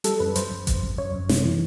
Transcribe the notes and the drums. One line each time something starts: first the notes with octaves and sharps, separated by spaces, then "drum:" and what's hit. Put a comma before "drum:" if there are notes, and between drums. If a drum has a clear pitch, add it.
G3 A4, drum: hi-hat
F#2 B4
F#2 C5, drum: hi-hat
F#2
F#2, drum: kick G#1, hi-hat
F#2
F#2 C#5
F#2
C3, drum: snare
E3